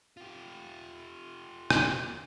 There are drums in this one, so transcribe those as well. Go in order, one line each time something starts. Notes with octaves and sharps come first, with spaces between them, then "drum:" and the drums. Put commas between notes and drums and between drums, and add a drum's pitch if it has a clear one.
F4 G4
drum: rim click